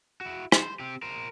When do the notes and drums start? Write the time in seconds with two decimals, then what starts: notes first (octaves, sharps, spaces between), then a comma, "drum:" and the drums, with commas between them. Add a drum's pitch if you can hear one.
0.21 E4 F#4
0.52 C5, drum: rim click
0.80 C4 G4
1.02 A#4 C5